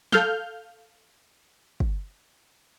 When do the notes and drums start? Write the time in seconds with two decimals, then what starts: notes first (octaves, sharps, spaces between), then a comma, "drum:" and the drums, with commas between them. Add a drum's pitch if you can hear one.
0.12 A4 F5 F6 G6, drum: snare
1.80 drum: kick